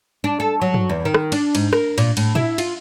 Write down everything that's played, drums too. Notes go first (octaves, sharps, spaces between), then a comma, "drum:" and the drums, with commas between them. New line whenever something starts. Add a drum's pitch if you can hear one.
D4
A4
F#3
drum: tom
E2
D#3
drum: rim click
D4, drum: cymbal
G#2, drum: cymbal
A#4, drum: rim click
A#2, drum: cymbal
A2, drum: cymbal
E4, drum: tom
F4, drum: cymbal